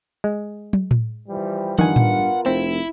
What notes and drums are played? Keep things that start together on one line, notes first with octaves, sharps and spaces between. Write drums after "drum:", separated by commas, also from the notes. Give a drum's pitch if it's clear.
G#3
drum: tom
drum: tom A2
E3 F3 G3
G2 D#3 B3 F4 A#4 F#5 G#5, drum: tom
drum: tom A2
F1 C4 E4